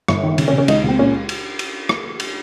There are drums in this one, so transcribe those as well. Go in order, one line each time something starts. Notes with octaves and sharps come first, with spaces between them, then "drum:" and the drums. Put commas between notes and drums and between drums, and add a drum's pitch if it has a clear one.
G1, drum: rim click
D#3
C#3, drum: cymbal
C#4
C#3
C#4
C#2 D#4, drum: cymbal
C#2 C4
A#2 C#4
drum: cymbal
drum: cymbal
drum: rim click
drum: cymbal